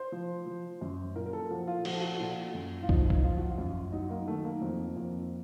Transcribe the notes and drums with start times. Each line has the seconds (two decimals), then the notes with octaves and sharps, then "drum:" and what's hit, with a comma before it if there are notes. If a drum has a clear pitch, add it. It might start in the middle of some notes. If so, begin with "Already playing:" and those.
Already playing: C5
0.12 F3
0.46 F3
0.81 F#2
1.16 A#2 A#4
1.26 A#4
1.33 A4
1.50 F3 F#4
1.67 F4
1.85 F3 F#4, drum: cymbal
1.93 A4
2.01 F#4
2.07 A4
2.15 A#2 F#4
2.54 F#2
2.83 F4
2.89 F3 D#4, drum: kick
3.10 drum: kick
3.23 F3 F4
3.37 F#4
3.50 F4
3.58 F#2
3.92 F#3 D#4
4.10 A#3
4.27 D#3 A3
4.45 A#3
4.62 F2
4.97 F2